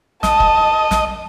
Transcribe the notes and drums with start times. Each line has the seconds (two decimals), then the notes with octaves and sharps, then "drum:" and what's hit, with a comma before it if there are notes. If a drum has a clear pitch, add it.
0.23 D#5 A5, drum: snare
0.40 drum: kick
0.91 drum: snare